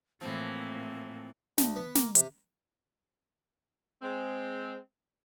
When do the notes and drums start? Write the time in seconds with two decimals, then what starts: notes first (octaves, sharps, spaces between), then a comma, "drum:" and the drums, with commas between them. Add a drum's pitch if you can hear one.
0.21 A2 E3 F3 A#3 C4
1.58 D2, drum: snare
1.76 B3
1.95 A#3, drum: snare
2.15 C3, drum: hi-hat
4.01 G#3 C4